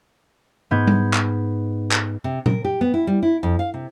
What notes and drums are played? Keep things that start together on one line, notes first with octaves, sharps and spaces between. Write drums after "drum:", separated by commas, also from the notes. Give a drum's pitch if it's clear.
G#2 B3 G6 G#6
drum: tom G3
drum: clap
drum: clap
C3
A#4, drum: tom A#2
G4
B3
E4
G3
E4
F2
F5
C3